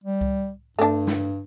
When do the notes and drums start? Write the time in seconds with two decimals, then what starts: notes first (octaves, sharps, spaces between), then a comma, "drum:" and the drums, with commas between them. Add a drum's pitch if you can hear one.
0.04 G3
0.21 drum: kick C2
0.79 G2 A3 D4
1.07 drum: snare